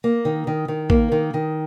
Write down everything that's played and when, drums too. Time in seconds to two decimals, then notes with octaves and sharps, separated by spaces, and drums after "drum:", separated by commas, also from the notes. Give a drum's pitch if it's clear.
0.04 A#3
0.25 D#3
0.47 D#3
0.68 D#3
0.90 A#3, drum: kick
1.12 D#3
1.34 D#3